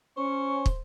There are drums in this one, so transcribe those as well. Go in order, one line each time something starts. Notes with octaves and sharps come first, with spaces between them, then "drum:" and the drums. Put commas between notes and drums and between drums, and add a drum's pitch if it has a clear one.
C#4 C5 C#6
drum: kick